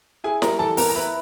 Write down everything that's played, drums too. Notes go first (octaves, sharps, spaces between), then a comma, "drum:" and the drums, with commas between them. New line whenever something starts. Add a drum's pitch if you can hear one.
E4 G#4 G#5
G3 A#4 A#5, drum: snare
E3 A4 A5
B3 A#4 A#5, drum: open hi-hat
A#5
E4 B4 B5